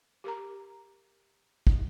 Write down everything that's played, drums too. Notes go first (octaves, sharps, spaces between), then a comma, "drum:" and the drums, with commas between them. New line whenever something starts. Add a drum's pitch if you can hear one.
G4 A#4 A#5
drum: kick